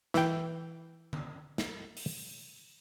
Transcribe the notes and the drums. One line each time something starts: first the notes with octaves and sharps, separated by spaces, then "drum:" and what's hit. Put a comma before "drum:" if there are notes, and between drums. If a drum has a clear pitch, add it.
E3 G5, drum: snare
drum: tom D3
drum: snare
drum: open hi-hat